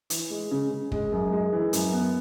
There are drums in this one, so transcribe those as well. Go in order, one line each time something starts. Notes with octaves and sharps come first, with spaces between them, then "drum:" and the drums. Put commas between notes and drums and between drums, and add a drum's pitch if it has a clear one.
E3, drum: hi-hat
G#3
C#3
C#3
G#3, drum: kick
F#2
G#3
E3
F#2, drum: hi-hat
B3